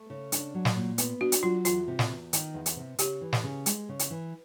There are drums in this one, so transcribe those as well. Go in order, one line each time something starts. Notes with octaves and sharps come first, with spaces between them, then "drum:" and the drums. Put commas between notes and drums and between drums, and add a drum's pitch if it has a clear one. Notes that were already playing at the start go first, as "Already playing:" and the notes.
Already playing: A3
C#3
D4, drum: hi-hat
F#3
drum: snare
A#2
B3, drum: hi-hat
D4 F#4
drum: hi-hat
F#3 F4
E2 F4, drum: hi-hat
C3
drum: snare
E2
D#3, drum: hi-hat
E2
drum: hi-hat
C3
C#3 G4, drum: hi-hat
E3
drum: snare
C#3
G#3, drum: hi-hat
C#3
drum: hi-hat
E3